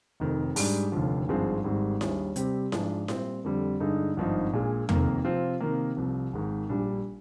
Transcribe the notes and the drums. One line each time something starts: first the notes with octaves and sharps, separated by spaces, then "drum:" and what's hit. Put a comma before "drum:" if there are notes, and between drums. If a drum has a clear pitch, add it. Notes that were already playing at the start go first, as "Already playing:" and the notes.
F1 F2 D#3
G#2 G3 D4, drum: open hi-hat
F1 D#2 D3 F3
G#1 G2 F3 G#3 C4
G#1 G#2 G3 C4
D#2 D#3 G3 D4 G#4, drum: snare E4
C3 G3 C4 G4, drum: hi-hat
G#2 F3 G#3 D4, drum: snare E4
A#2 G3 C4, drum: snare E4
F2 D3 G3
G2 D3 G#3 D#4
G#1 G2 F3 C4 D#4
A#1 A#2 G#3
F1 F2 D#3 A#3, drum: tom E2
C3 F3 C4 F4
C3 D#3 A#3
C2 C3 F3
G#1 G#2 D#3
A#1 A#2 G3 D4